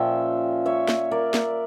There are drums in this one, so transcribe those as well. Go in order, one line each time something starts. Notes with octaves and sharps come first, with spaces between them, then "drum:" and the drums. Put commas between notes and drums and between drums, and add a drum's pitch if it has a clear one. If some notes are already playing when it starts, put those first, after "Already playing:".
Already playing: A#2 F3 C#4 E5 G5
C#5 E5
drum: snare
A#4 D5
drum: snare